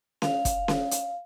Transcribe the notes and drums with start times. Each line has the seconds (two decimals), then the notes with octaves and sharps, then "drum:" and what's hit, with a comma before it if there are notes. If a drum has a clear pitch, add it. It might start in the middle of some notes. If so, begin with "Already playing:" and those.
0.22 F5, drum: snare C#4
0.45 drum: kick, hi-hat
0.68 drum: snare C#4
0.91 drum: hi-hat